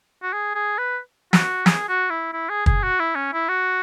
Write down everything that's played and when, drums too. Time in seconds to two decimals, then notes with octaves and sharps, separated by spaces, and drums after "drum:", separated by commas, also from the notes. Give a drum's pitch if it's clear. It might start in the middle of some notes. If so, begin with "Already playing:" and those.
0.22 F#4
0.33 G#4
0.55 G#4
0.78 B4
1.33 F#4, drum: snare
1.66 G#4, drum: snare
1.88 F#4
2.10 E4
2.33 E4
2.49 G#4
2.66 G#4, drum: kick
2.83 F#4
2.99 E4
3.15 C#4
3.33 E4
3.48 F#4